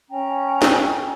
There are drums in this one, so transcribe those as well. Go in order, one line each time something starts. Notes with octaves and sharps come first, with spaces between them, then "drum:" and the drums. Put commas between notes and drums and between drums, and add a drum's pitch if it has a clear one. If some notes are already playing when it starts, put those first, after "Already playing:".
C#4 G5 A#5
drum: snare